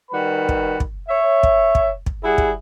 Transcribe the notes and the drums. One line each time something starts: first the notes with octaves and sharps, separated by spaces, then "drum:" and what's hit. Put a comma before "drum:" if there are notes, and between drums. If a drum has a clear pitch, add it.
D#3 G3 F#4 B4 B5
drum: kick
drum: kick
C#5 E5
drum: kick
drum: kick
drum: kick
G3 E4 F#4 G#4
drum: kick